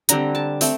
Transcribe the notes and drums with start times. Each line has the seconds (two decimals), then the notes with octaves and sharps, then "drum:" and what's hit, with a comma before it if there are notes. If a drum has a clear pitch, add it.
0.09 D3 G3 C4 A#5, drum: hi-hat
0.35 A5
0.61 A3 C4, drum: open hi-hat